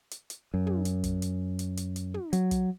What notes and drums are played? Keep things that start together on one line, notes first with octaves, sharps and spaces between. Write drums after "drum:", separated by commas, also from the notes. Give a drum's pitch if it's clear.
drum: hi-hat
drum: hi-hat
F#2
drum: tom
drum: hi-hat
drum: kick, hi-hat
drum: hi-hat
drum: hi-hat
drum: hi-hat
drum: hi-hat
drum: tom
F#3, drum: hi-hat
drum: kick, hi-hat